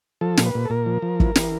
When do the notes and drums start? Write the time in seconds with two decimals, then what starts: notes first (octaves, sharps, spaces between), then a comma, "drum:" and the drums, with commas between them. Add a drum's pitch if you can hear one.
0.21 F3 A4
0.37 A#2, drum: snare
0.46 B4
0.55 A#2
0.65 A4
0.70 A#2 A#4
0.86 F3
1.02 F3
1.20 E3, drum: kick
1.36 E3, drum: snare